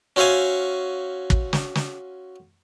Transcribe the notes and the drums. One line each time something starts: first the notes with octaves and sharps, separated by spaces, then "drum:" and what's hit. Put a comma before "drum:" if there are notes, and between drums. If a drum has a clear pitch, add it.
C#4 F#4 C5 E5 F5 G#5
drum: kick
drum: snare
drum: snare